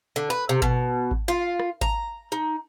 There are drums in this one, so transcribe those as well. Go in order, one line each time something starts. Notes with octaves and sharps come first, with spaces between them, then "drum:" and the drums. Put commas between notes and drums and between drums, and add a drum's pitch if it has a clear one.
D3
B4
C3
B2, drum: kick G#1
drum: kick G#1
F4
drum: rim click
A#5, drum: kick G#1
D#4